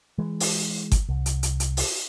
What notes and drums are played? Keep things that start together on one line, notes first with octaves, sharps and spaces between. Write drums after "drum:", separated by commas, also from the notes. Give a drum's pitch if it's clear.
E3 G#3
drum: open hi-hat
drum: kick G1, hi-hat
C2
drum: hi-hat
drum: hi-hat
drum: hi-hat
drum: open hi-hat